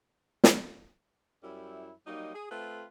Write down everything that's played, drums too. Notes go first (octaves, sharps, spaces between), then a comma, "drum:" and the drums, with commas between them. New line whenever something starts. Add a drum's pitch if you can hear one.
drum: snare
F#2 G3 E4
F#3 G3 A#3 D#4
G#4
A3 C4 F4 A4 B4